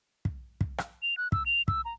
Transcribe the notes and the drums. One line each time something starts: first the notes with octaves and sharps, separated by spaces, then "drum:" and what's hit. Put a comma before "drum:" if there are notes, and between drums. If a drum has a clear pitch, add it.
drum: kick
drum: kick
drum: rim click
F7
F#6
E6, drum: kick
F7
E6, drum: kick
A#5